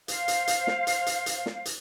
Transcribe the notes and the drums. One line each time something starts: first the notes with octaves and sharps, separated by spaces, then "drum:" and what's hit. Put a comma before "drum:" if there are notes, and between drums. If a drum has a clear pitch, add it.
C5 F5, drum: hi-hat
drum: hi-hat
drum: hi-hat
drum: snare
drum: hi-hat
drum: hi-hat
drum: hi-hat
drum: snare
drum: hi-hat